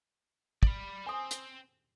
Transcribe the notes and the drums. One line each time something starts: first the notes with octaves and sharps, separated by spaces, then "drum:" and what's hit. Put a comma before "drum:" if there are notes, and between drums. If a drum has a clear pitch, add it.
D5 B5, drum: kick
C4 C5 G#5 D#6
drum: hi-hat